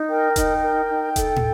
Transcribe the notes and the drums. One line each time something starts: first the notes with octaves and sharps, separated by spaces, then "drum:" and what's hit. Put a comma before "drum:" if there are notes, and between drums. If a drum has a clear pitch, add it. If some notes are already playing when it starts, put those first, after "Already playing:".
Already playing: D#4
A#4 G5
D#4 G5, drum: kick E1, hi-hat
A#4
D#4
A4, drum: kick E1, hi-hat
drum: tom